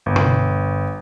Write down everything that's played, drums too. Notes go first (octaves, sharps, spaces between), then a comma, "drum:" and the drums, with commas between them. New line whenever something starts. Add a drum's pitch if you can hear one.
G1
drum: tom B2